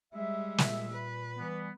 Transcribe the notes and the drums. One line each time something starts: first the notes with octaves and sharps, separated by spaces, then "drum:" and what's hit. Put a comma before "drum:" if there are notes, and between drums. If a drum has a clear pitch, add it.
G3 G#3 E5
A#2, drum: snare
B4
E3 G3 B3